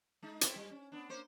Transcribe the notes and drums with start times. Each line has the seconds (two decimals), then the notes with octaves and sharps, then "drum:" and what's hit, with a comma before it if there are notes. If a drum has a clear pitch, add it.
0.23 G#3 D#4
0.41 C4 E4 A4, drum: hi-hat
0.56 G3
0.71 C#4
0.92 B3 D4
1.09 A#3 C5 C#5